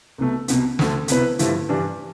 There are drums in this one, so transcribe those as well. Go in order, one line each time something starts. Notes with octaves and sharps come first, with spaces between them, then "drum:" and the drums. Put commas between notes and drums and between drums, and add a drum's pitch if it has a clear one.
C2 B2 A3
C2 B2 B3, drum: hi-hat
D2 D3 A3, drum: snare
C2 B2 B3 E4 B4, drum: hi-hat
G2 D3 F3 A3 E4, drum: hi-hat
G2 E3 G3 D4